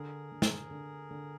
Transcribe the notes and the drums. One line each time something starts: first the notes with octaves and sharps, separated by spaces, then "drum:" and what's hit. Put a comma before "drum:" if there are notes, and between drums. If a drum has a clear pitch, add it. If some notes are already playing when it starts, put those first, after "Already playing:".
Already playing: D3 G#4 A#4
D3
drum: snare
D3
D3